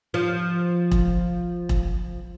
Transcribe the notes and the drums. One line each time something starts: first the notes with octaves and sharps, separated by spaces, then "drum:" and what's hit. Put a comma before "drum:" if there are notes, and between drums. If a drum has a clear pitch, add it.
F3
drum: kick E1
drum: kick E1